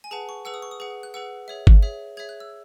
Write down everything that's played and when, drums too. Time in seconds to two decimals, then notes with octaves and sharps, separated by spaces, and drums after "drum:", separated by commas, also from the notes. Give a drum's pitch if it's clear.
0.04 G#5
0.11 G#4 B4 F#5 A5
0.29 C#6
0.45 G#4 B4 F#5 E6
0.54 D#6
0.62 C#6
0.71 D#6
0.80 G#4 B4 F#5
1.03 F#6
1.14 G#4 B4 F#5 E6
1.48 G#4 C#5 E5
1.67 drum: kick G1
1.82 G#4 C#5 E5
2.17 G#4 C#5 E5 G#6
2.29 F#6
2.40 E6